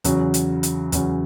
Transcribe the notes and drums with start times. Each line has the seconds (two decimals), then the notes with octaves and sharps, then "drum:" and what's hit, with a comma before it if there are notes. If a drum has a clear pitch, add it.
0.04 E2 C#3 F#3, drum: hi-hat
0.34 drum: hi-hat
0.63 drum: hi-hat
0.92 E2 C#3 F#3, drum: hi-hat